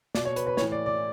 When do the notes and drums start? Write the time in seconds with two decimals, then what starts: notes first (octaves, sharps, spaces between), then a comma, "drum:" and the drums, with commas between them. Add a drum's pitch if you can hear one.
0.15 B2 D5, drum: snare
0.25 C#5
0.36 B4, drum: hi-hat
0.47 B4
0.57 A2 E3 C#5, drum: snare
0.72 D5
0.86 D5